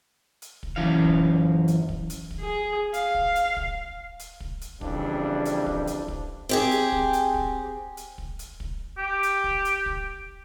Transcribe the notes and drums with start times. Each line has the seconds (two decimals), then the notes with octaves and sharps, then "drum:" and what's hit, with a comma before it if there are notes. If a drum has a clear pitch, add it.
0.42 drum: hi-hat
0.63 drum: kick
0.76 F#2 E3 F5
1.05 drum: kick
1.68 drum: hi-hat
1.89 drum: kick
2.10 drum: hi-hat
2.31 drum: kick
2.40 G#4
2.94 F5, drum: hi-hat
3.15 drum: kick
3.36 drum: hi-hat
3.57 drum: kick
4.19 drum: hi-hat
4.40 drum: kick
4.61 drum: hi-hat
4.81 F2 C#3 E3 G3 D4, drum: kick
5.45 drum: hi-hat
5.66 drum: kick
5.87 drum: hi-hat
6.08 drum: kick
6.49 C4 G4 G#4
6.71 drum: hi-hat
6.92 drum: kick
7.13 drum: hi-hat
7.34 drum: kick
7.97 drum: hi-hat
8.18 drum: kick
8.39 drum: hi-hat
8.60 drum: kick
8.98 G4
9.23 drum: hi-hat
9.44 drum: kick
9.65 drum: hi-hat
9.86 drum: kick